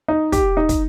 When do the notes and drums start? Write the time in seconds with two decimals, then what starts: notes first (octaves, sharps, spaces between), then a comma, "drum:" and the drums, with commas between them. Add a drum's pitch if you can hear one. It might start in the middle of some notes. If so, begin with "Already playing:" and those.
0.08 D#4
0.32 G4, drum: kick, hi-hat
0.57 D#4
0.69 drum: kick, hi-hat